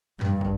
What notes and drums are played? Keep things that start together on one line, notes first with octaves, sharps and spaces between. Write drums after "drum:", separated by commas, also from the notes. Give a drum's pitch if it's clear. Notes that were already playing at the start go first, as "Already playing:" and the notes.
G2, drum: clap
drum: kick